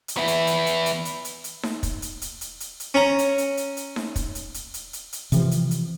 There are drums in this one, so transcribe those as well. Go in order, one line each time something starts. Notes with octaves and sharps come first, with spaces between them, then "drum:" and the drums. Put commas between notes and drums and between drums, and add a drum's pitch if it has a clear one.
drum: hi-hat
B3 E4
drum: hi-hat
drum: hi-hat
drum: hi-hat
drum: hi-hat
drum: hi-hat
drum: hi-hat
drum: hi-hat
drum: snare D#4
drum: kick, hi-hat
drum: hi-hat
drum: hi-hat
drum: hi-hat
drum: hi-hat
drum: hi-hat
C#4 A#5
drum: hi-hat
drum: hi-hat
drum: hi-hat
drum: hi-hat
drum: snare D#4
drum: kick, hi-hat
drum: hi-hat
drum: hi-hat
drum: hi-hat
drum: hi-hat
drum: hi-hat
C3 E3 F3, drum: hi-hat
drum: hi-hat
drum: hi-hat